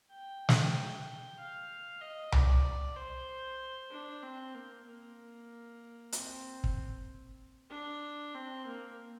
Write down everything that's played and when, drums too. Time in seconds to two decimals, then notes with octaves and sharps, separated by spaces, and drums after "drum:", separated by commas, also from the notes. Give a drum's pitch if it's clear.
0.12 G5
0.49 drum: snare
1.38 F5
2.01 D#5
2.32 D5, drum: tom C2
2.96 C5
3.91 D4
4.23 C4
4.54 A#3
4.85 A#3
6.12 C4, drum: hi-hat
6.64 drum: kick
7.70 D4
8.35 C4
8.66 A#3